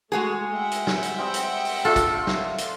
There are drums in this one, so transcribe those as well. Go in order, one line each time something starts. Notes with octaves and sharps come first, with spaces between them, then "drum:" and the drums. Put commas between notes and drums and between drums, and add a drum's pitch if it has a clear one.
G#3 A3 F#4 G#4
E5 F#5 G5
drum: hi-hat
drum: snare
drum: hi-hat
G3 C4 D#6
drum: hi-hat
drum: open hi-hat
A3 D4 F4 A4
drum: kick, hi-hat
drum: snare
drum: hi-hat